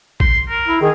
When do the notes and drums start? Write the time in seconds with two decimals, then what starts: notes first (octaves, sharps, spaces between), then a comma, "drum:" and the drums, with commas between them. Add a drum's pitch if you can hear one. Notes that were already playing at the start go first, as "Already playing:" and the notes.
0.20 C6, drum: kick A1
0.49 A#4
0.68 E4
0.81 D#3 G#4